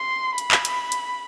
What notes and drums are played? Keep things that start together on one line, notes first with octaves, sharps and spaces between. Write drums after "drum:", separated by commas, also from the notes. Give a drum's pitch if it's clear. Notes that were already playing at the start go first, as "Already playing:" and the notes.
Already playing: C6
B5, drum: hi-hat
drum: clap
drum: hi-hat
drum: hi-hat